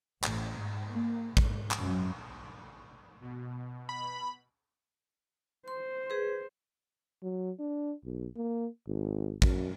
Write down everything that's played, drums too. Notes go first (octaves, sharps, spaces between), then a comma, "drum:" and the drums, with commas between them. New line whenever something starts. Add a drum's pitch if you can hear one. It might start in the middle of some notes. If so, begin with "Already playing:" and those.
A1, drum: clap
G#2
A#3
G#2, drum: kick
drum: clap
F#2
B2
B5
C5 C6
G#4 B4
F#3
D4
B1
A#3
G#1
F#2, drum: kick